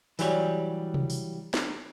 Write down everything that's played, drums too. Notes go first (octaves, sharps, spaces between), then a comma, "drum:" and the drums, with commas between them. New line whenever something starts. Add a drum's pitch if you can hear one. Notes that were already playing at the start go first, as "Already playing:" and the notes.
E3 F#3 G3 G4 A#4 C#5, drum: open hi-hat
drum: tom C3
drum: open hi-hat
drum: snare